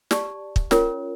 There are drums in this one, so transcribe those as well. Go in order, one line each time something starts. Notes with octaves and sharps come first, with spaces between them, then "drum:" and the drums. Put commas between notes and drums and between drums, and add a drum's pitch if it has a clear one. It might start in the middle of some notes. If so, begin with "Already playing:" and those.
G4 D5 A5 C#6, drum: snare
drum: kick
C#4 F4 A#4 C#5, drum: snare